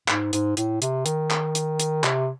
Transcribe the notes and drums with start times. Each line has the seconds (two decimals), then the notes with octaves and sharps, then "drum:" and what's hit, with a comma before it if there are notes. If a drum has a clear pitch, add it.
0.08 G#2, drum: clap
0.33 G#2, drum: hi-hat
0.57 A2, drum: hi-hat
0.82 C3, drum: hi-hat
1.06 D#3, drum: hi-hat
1.31 drum: clap
1.55 drum: hi-hat
1.80 drum: hi-hat
2.04 C3, drum: clap